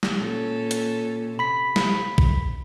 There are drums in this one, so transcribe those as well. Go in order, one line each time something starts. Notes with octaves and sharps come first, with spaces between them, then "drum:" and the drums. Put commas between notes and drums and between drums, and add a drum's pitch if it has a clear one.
drum: snare
A#2 C#4 A4
drum: hi-hat
C3 B5 B6
drum: snare
drum: kick A#1